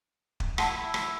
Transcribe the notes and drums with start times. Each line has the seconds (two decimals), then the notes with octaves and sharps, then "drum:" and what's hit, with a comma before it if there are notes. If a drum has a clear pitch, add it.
0.40 drum: kick
0.58 E4 F#5 A5 C6, drum: rim click
0.94 drum: rim click